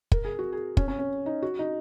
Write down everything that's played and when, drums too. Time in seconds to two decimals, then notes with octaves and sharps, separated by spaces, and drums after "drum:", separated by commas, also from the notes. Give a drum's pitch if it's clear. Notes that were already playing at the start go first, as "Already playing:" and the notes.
0.12 A#4, drum: kick
0.25 G#4
0.39 F#4
0.53 G#4
0.77 C#4, drum: kick
0.88 C#4
0.99 C#4
1.26 D#4
1.42 F#4
1.59 D#4